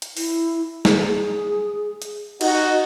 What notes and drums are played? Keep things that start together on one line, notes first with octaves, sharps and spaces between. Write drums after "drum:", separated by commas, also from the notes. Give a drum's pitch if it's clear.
drum: hi-hat
E4, drum: open hi-hat
G#4, drum: snare
drum: hi-hat
D#4 F#4 F#5, drum: cymbal